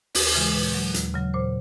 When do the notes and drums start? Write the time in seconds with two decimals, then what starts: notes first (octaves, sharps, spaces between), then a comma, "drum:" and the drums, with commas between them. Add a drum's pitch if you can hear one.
0.15 D#2 B4, drum: open hi-hat
0.35 C#3 E3 G#3
0.54 A#2 B4
0.74 F#3
0.94 D#2, drum: hi-hat
1.14 C#3 F#3
1.34 A#2 C5